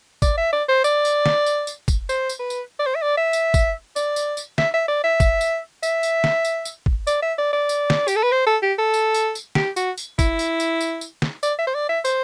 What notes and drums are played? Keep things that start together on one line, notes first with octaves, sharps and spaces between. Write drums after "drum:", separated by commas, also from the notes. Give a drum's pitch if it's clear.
D5, drum: kick, tambourine
E5
D5
C5
D5, drum: tambourine
drum: tambourine
drum: snare
drum: tambourine
drum: tambourine
drum: kick, tambourine
C5, drum: tambourine
drum: tambourine
B4
drum: tambourine
D5
C5
E5
D5
E5
drum: tambourine
drum: kick, tambourine
D5, drum: tambourine
drum: tambourine
drum: tambourine
E5, drum: snare
E5
D5
E5
drum: kick, tambourine
drum: tambourine
E5, drum: tambourine
drum: tambourine
drum: snare
drum: tambourine
drum: tambourine
drum: kick
D5, drum: tambourine
E5
D5
D5
drum: tambourine
drum: snare
G4, drum: tambourine
A4
B4
C5
A4
G4
A4
drum: tambourine
drum: tambourine
drum: tambourine
G4, drum: snare
F#4, drum: tambourine
drum: tambourine
E4, drum: kick, tambourine
drum: tambourine
drum: tambourine
drum: tambourine
drum: tambourine
drum: snare
D5, drum: tambourine
E5
C5
D5
E5
C5, drum: tambourine